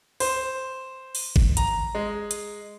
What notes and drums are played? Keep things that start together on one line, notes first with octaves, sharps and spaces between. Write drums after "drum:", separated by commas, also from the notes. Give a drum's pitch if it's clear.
C5, drum: open hi-hat
drum: open hi-hat
drum: kick G#1
A#5, drum: hi-hat
G#3
drum: hi-hat